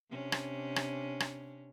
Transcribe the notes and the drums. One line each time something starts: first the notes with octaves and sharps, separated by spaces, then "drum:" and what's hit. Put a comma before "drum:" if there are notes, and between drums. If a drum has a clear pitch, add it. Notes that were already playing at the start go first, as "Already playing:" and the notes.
C3 C#4 D4
drum: rim click
drum: rim click
drum: rim click